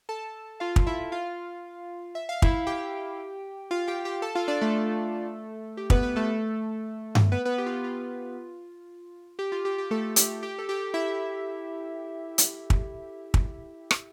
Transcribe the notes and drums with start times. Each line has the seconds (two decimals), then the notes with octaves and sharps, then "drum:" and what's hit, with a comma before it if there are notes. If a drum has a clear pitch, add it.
0.09 A4 A5
0.60 F4 F5
0.76 drum: kick
0.87 E4 E5
1.12 F4 F5
2.15 E5
2.29 F5
2.42 E4 E5, drum: kick
2.67 G4 G5
3.71 F4 F5
3.87 G4 G5
4.05 G4 G5
4.22 A4 A5
4.35 F4 F5
4.48 D4 D5
4.61 A3 A4
5.77 G4
5.90 B3 B4, drum: kick
6.03 B3 B4
6.16 A3 A4
7.15 drum: tom G2
7.32 B3 B4
7.45 B3 B4
7.58 G4
7.66 F4
7.72 G4
7.84 F4
9.39 G4
9.52 F4
9.65 G4
9.78 G4
9.91 A3 A4
10.16 G4, drum: hi-hat
10.43 G4
10.59 A4
10.69 G4
10.94 E4 E5
12.38 drum: hi-hat
12.70 drum: kick
13.34 drum: kick
13.91 drum: rim click